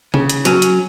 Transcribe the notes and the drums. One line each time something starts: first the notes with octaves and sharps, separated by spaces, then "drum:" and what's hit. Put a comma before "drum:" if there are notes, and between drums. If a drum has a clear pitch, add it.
C#3, drum: tom C3
drum: hi-hat
F#3 C#4, drum: hi-hat
drum: hi-hat